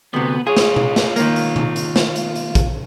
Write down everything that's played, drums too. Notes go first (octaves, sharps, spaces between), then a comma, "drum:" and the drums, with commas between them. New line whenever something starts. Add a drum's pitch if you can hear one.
D2 C3 B3
F4 G#4 C#5
drum: snare
drum: tom B2
drum: snare
D#3 A#3, drum: hi-hat
drum: hi-hat
drum: tom B2
drum: hi-hat
drum: snare
drum: hi-hat
drum: hi-hat
drum: kick, hi-hat